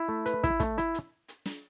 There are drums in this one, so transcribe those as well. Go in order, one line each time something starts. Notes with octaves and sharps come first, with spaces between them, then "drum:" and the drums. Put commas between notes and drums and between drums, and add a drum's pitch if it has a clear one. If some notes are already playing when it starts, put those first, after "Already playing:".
Already playing: E4
A3
B4, drum: hi-hat
E4, drum: kick, hi-hat
A3, drum: kick, hi-hat
E4, drum: hi-hat
drum: hi-hat
drum: hi-hat
drum: snare